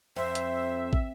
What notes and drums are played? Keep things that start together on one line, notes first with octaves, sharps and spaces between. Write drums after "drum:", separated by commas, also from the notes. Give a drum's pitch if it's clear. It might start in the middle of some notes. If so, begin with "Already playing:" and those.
F2 C5 E5
drum: hi-hat
drum: kick